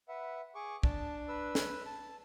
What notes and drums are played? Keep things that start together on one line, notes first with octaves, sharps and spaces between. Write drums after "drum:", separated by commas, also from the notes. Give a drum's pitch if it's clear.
B4 E5 F#5
G#4 C#6 D6
D4 A5, drum: kick
B4 E6
drum: snare
A5